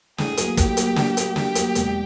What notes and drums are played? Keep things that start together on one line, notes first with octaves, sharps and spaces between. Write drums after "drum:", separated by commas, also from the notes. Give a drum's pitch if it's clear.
A2 G#4, drum: snare
F#3 A#3, drum: hi-hat
A2 G4, drum: kick, hi-hat
F#3 A#3, drum: hi-hat
A2, drum: snare
F#3 A#3, drum: hi-hat
A2 G4, drum: snare
F#3 A#3, drum: hi-hat
E1, drum: hi-hat